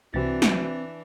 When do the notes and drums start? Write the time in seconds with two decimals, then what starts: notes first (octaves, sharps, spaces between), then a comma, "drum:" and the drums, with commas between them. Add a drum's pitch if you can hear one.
0.14 C2 C3 E3 C4 D4 F#4 A6
0.42 drum: snare